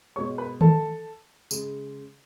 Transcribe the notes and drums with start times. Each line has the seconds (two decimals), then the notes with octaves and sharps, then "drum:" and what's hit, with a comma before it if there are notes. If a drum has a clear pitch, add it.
0.16 B2 G#3 C#5 C#6
0.38 B4 B5
0.61 A4 A5, drum: tom D#3
1.51 C#3 G#3, drum: tambourine